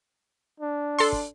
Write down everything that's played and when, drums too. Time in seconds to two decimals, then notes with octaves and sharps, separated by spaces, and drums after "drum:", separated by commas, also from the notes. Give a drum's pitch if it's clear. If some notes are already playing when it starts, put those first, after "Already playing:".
0.60 D4
0.99 A4 C6, drum: open hi-hat
1.12 drum: kick